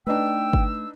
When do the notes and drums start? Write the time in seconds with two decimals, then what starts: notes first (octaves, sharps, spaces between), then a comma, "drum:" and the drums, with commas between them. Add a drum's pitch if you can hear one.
0.07 A3 D4 D#4 B4 G5 E6
0.53 drum: kick G1